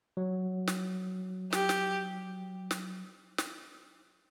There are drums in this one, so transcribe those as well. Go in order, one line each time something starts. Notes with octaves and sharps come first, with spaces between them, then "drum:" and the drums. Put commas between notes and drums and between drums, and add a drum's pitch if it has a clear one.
F#3
drum: snare
G4, drum: snare
drum: snare
drum: snare
drum: snare